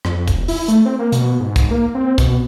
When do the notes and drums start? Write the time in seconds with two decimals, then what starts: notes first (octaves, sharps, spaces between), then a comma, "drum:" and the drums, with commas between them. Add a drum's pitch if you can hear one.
0.05 F2, drum: rim click
0.28 E1, drum: kick, hi-hat
0.48 E4, drum: open hi-hat
0.68 A3, drum: hi-hat
0.85 C4
0.99 A#3
1.12 B2, drum: hi-hat
1.40 G#2
1.56 drum: kick, hi-hat
1.71 A#3
1.95 C4
2.18 B2, drum: kick, hi-hat